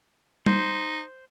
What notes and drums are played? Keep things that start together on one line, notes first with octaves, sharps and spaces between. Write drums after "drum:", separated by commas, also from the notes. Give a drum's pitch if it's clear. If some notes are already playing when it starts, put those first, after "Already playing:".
D#4 C5, drum: tom G3